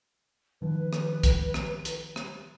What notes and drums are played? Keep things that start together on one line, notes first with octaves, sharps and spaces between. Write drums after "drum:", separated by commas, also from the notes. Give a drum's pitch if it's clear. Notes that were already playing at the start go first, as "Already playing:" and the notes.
D#3 F3 B4
drum: rim click
drum: kick, hi-hat
drum: rim click
drum: hi-hat
drum: rim click